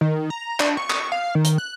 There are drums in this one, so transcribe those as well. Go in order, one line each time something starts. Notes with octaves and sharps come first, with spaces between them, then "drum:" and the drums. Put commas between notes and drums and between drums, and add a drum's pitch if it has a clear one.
D#3
A#5
D4, drum: clap
C#6
drum: clap
F5
D#3
drum: hi-hat
F#6